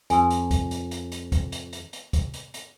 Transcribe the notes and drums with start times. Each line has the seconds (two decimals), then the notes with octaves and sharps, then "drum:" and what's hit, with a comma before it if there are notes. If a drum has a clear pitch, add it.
0.10 F2 G#5, drum: hi-hat
0.30 drum: hi-hat
0.51 drum: kick, hi-hat
0.71 drum: hi-hat
0.91 drum: hi-hat
1.12 drum: hi-hat
1.32 drum: kick, hi-hat
1.52 drum: hi-hat
1.73 drum: hi-hat
1.93 drum: hi-hat
2.13 drum: kick, hi-hat
2.34 drum: hi-hat
2.54 drum: hi-hat